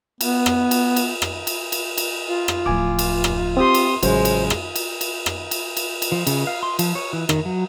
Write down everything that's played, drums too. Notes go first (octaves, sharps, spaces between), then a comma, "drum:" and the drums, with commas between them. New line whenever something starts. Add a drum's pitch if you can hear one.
B3, drum: cymbal
drum: rim click
drum: cymbal
drum: cymbal
drum: rim click
drum: cymbal
drum: cymbal
drum: cymbal
F4
drum: rim click
D1 F3 G#5 D6
drum: cymbal
drum: rim click
C4 G4 C6 D#6
drum: cymbal
A1 C#3 F#3 G#3 C#4 C5, drum: cymbal
drum: cymbal
drum: rim click
drum: cymbal
drum: cymbal
drum: rim click
drum: cymbal
drum: cymbal
drum: cymbal
F3
C#3, drum: cymbal
F5
C6
F3, drum: cymbal
C#5
E3
D#3, drum: rim click
F#3